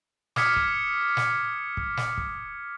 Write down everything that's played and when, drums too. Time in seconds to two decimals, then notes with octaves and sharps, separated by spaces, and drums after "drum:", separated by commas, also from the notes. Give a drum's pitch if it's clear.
0.36 D6 D#6 F6 G#6 B6 C#7, drum: snare
0.56 drum: kick
1.17 drum: snare
1.77 drum: kick
1.97 drum: snare
2.17 drum: kick